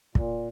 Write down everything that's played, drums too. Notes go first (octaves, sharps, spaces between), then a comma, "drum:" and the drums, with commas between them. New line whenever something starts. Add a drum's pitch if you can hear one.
A#2, drum: kick